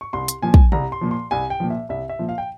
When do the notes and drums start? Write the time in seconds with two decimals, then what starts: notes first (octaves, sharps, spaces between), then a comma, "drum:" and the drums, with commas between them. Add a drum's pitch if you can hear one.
0.01 C#6
0.13 C2 C6
0.28 drum: hi-hat
0.42 A#2 F3 G#5
0.54 drum: kick
0.72 C2 A#5, drum: tom C3
0.92 C6
1.01 A#2 F3
1.11 C6
1.31 C2 G#5
1.50 G5
1.60 A#2 F3
1.70 E5
1.89 C2 E5
2.09 E5
2.19 A#2 F3
2.29 F5
2.38 G5